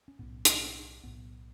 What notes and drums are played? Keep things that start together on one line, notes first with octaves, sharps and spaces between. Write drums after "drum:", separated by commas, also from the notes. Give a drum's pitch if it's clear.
C#4
B1 A2 B3
drum: hi-hat
B1 A2 B3